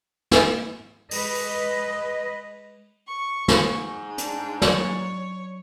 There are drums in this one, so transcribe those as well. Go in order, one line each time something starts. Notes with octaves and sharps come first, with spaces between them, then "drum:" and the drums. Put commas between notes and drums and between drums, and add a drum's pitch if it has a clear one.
drum: snare
G#3 B4 D#5, drum: open hi-hat
drum: open hi-hat
C#6
G#2, drum: snare
D4, drum: hi-hat
F#3 C#5 D5, drum: snare